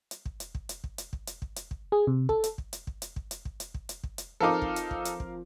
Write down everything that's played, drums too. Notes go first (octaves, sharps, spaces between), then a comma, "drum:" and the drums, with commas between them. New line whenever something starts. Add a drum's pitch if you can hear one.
drum: hi-hat
drum: kick
drum: hi-hat
drum: kick
drum: hi-hat
drum: kick
drum: hi-hat
drum: kick
drum: hi-hat
drum: kick
drum: hi-hat
drum: kick
G#4
C3
A4, drum: kick
drum: hi-hat
drum: kick
drum: hi-hat
drum: kick
drum: hi-hat
drum: kick
drum: hi-hat
drum: kick
drum: hi-hat
drum: kick
drum: hi-hat
drum: kick
drum: hi-hat
F3 C4 D#4 A4 A#4 F5 D6
drum: kick
drum: hi-hat
drum: kick
drum: hi-hat
drum: kick